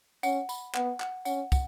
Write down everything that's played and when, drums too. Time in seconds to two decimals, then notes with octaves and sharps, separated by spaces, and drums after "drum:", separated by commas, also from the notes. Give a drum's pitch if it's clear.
0.23 C#4 F#5, drum: tambourine
0.49 B5, drum: tambourine
0.75 B3 F#5, drum: clap
1.00 F#5, drum: clap
1.25 C#4 F#5, drum: tambourine
1.52 F#5, drum: kick, tambourine